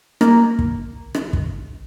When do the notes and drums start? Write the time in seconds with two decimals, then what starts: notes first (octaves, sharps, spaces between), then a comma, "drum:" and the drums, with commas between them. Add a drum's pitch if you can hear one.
0.21 A#3, drum: rim click
0.59 drum: kick
1.15 drum: rim click
1.33 drum: kick